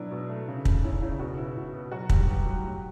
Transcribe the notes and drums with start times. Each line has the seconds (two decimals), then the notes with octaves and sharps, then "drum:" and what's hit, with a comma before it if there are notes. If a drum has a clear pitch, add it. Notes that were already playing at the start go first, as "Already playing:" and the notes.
Already playing: B2 F#3 D4 E4
0.11 B2
0.29 A3
0.48 C#3
0.65 C#3, drum: kick
0.83 C#4 E4
1.01 C#3 E4
1.19 B2 F#4
1.38 B2 E4
1.55 B2 E4
1.73 B2
1.91 F#3 F#4
2.09 G2 G4, drum: kick
2.28 F#3 G4
2.46 F#3
2.64 A2